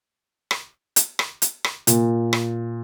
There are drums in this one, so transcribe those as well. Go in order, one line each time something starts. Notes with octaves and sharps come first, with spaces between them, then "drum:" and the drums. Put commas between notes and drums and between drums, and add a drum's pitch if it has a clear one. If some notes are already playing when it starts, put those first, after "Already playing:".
drum: rim click
drum: hi-hat
drum: rim click
drum: hi-hat
drum: rim click
A#2, drum: hi-hat
drum: rim click